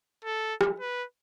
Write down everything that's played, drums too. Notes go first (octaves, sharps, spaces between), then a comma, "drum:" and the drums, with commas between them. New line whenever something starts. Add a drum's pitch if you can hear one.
A4
drum: rim click
B4